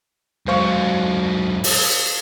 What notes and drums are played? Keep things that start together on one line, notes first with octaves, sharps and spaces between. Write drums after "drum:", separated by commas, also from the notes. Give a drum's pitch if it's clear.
G#2 F#3 C5 F5 C#6
drum: open hi-hat